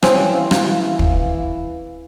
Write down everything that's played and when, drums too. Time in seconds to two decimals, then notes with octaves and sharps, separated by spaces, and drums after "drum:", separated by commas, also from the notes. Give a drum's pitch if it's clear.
0.03 E3 C4 C#4 F5, drum: rim click
0.51 drum: rim click
0.99 drum: kick